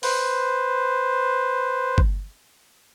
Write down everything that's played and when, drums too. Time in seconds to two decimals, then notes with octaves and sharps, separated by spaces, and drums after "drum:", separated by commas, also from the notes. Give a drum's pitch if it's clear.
0.03 B4 C5, drum: open hi-hat
1.98 drum: kick